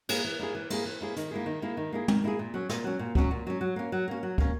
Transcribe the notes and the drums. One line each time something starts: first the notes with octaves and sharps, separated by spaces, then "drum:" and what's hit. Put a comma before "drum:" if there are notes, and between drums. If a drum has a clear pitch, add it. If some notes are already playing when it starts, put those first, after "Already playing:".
A#3 E4 G#4, drum: cymbal
E3
A#3 E4 G#4
E3
A#3 E4 G#4, drum: cymbal
E3
A#3 E4 G#4
D#3, drum: hi-hat
A#3 E4 G#4
D#3
A#3 E4 G#4
D#3
A#3 E4 G#4
D#3, drum: tom
A#3 E4 G#4
A#2
F#3 C#4
A#2, drum: snare
F#3 C#4
A#2
F#3 C#4, drum: kick
A#2
F#3 C#4
F#3
A#3 C#4
F#3
A#3 C#4
F#3
A#3 C#4, drum: kick